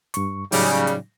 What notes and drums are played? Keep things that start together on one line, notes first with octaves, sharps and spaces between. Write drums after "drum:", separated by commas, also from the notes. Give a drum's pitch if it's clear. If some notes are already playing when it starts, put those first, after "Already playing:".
G2 C#6, drum: hi-hat
A2 C#3 F#3 G3 D#4, drum: open hi-hat
drum: hi-hat